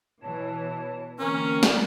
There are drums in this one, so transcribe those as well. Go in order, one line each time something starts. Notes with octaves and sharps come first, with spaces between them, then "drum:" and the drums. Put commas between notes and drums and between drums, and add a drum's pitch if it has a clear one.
B2 E3 C#5 A5
D3 E3 A#3 C4 C#4 A#4
drum: snare